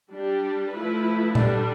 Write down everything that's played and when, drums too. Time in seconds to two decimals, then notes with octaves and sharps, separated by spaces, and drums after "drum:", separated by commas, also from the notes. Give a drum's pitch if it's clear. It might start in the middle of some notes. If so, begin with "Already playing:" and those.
0.11 G3 D4 G4
0.74 F3 A3 E4 B4
1.35 D3 G3 D4, drum: tom A#2